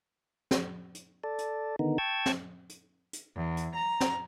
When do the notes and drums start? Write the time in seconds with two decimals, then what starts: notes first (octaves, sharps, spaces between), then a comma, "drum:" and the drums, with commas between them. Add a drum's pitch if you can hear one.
0.51 drum: snare
0.95 drum: hi-hat
1.24 A4 D5
1.38 drum: hi-hat
1.79 D3 D#3 B3 D#4
1.98 G5 A5 C#6 E6 G#6
2.26 drum: snare
2.69 drum: hi-hat
3.13 drum: hi-hat
3.35 E2
3.57 drum: hi-hat
3.75 A#5
4.00 drum: snare